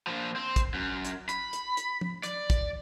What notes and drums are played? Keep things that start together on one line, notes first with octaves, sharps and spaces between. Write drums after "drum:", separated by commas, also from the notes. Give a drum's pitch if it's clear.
A#2 F3
C4
drum: kick, hi-hat
F#2
drum: hi-hat
B5, drum: hi-hat
drum: hi-hat
drum: hi-hat
drum: tom
D5, drum: hi-hat
drum: kick, hi-hat